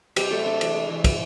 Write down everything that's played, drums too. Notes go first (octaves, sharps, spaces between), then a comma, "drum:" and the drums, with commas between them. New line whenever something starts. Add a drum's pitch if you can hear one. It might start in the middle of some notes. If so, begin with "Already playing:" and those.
C3 G3 G4, drum: cymbal
F#3 A3 A4
C3 D4 D5
E3, drum: cymbal
G#3
E3
C#3, drum: kick, cymbal